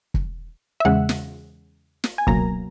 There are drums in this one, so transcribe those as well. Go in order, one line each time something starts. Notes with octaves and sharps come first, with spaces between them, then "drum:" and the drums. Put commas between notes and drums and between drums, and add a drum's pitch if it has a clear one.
drum: kick
E5
E2 C#3 G#3 F#5
drum: snare
drum: snare
G#5
C#2 B2 F#3 A#3 A#5, drum: kick